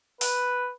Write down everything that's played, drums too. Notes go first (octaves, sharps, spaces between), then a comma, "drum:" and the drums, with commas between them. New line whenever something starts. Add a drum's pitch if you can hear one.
B4, drum: open hi-hat